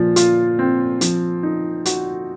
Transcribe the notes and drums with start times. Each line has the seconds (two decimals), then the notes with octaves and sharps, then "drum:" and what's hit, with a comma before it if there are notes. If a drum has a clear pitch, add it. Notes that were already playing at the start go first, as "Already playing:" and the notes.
Already playing: A#2 F3
0.16 F4, drum: hi-hat
0.59 C4
1.01 F3, drum: hi-hat
1.43 D#4
1.85 F#4, drum: hi-hat